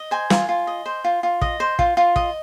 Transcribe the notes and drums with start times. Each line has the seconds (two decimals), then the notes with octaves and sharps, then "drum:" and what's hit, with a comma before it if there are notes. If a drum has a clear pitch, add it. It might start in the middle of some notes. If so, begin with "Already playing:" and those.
Already playing: D#5
0.11 C5 G#5
0.30 F4, drum: snare
0.49 F4
0.67 D#5
0.86 C5
1.04 F4
1.23 F4
1.42 D#5, drum: kick
1.60 C5
1.79 F4, drum: kick
1.97 F4
2.16 D#5, drum: kick